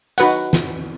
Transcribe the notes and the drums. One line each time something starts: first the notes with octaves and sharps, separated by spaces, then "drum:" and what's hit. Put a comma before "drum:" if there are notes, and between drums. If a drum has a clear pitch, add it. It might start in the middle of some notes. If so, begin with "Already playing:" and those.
D#4 F#4 B4 F#5, drum: hi-hat
drum: snare